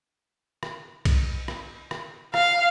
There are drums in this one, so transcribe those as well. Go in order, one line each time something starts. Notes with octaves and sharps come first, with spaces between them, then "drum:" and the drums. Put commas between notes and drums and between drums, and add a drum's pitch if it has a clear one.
drum: rim click
drum: kick B1, cymbal
drum: rim click
drum: rim click
F5, drum: rim click